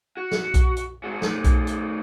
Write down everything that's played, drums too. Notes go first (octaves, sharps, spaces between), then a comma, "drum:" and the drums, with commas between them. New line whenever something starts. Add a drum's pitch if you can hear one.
F#4
drum: snare
drum: kick B1, hi-hat
drum: hi-hat
G#2 F#4
D#3 A3, drum: snare
drum: kick B1, hi-hat
drum: hi-hat